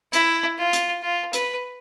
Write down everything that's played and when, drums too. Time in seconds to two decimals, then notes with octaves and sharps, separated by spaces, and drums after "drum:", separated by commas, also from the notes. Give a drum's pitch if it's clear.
0.13 E4, drum: hi-hat
0.58 F4
0.73 drum: hi-hat
1.03 F4
1.33 B4, drum: hi-hat